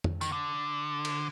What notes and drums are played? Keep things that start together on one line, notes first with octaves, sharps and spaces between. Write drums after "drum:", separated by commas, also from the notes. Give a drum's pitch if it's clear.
drum: tom F2
D#3, drum: tambourine
D3
drum: cymbal